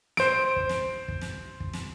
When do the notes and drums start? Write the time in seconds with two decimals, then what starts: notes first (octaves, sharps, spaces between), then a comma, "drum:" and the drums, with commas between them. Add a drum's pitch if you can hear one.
0.17 C5 D7, drum: snare
0.56 drum: kick
0.69 drum: snare
1.08 drum: kick
1.21 drum: snare
1.60 drum: kick
1.73 drum: snare